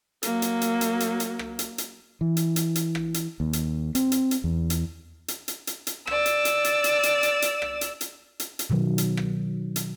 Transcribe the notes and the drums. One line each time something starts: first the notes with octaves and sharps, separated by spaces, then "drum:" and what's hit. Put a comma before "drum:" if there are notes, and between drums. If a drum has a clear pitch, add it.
F#3 A#3, drum: hi-hat
drum: hi-hat
drum: hi-hat
drum: hi-hat
drum: hi-hat
drum: hi-hat
drum: rim click
drum: hi-hat
drum: hi-hat
E3
drum: hi-hat
drum: hi-hat
drum: hi-hat
drum: rim click
drum: hi-hat
D#2
drum: hi-hat
C4, drum: hi-hat
drum: hi-hat
drum: hi-hat
E2
drum: hi-hat
drum: hi-hat
drum: hi-hat
drum: hi-hat
drum: hi-hat
D5 E6, drum: rim click
drum: hi-hat
drum: hi-hat
drum: hi-hat
drum: hi-hat
drum: hi-hat
drum: hi-hat
drum: hi-hat
drum: rim click
drum: hi-hat
drum: hi-hat
drum: hi-hat
drum: hi-hat
B2 D#3 F#3
drum: hi-hat
drum: rim click
drum: hi-hat